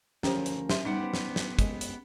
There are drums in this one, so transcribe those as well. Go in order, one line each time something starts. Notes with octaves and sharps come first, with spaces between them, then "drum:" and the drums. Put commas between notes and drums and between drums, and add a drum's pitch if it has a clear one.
D2 F3 C#4 G4 A#4 C5 G5, drum: snare
drum: hi-hat
G4 E5 C6, drum: snare
G3 B3 D#4 G4 C5 D5 F#5
drum: snare
drum: snare
G#3, drum: kick, hi-hat
drum: hi-hat